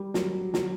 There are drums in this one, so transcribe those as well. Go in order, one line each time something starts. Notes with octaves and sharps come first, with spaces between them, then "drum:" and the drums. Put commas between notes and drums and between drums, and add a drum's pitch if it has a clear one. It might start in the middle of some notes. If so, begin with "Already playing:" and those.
Already playing: G3
F#3, drum: snare
F#3, drum: snare